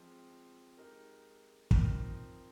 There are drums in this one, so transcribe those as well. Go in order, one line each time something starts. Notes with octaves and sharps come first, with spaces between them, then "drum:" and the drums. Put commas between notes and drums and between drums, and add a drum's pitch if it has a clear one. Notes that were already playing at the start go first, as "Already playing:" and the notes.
Already playing: F3 G#3 C4
G#3 D#4 G4 A#4
F3 C4 D#4 A#4, drum: kick